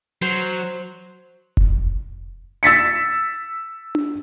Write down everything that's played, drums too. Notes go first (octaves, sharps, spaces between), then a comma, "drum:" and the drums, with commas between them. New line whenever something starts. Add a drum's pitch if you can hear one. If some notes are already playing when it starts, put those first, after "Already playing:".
F#3 C5
drum: kick F1
E6 A6 B6 C#7
drum: tom D4